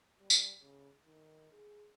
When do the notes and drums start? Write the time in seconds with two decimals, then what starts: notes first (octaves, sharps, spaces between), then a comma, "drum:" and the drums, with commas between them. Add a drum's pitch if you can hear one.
0.20 G3
0.30 drum: tambourine
0.61 C#3
1.06 D#3
1.52 G#4